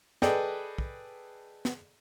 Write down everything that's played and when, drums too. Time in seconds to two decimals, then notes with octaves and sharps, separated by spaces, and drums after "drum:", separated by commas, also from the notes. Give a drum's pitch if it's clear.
0.22 G#4 A4 B4 D5 D#5 G5, drum: snare
0.78 drum: kick
1.65 drum: snare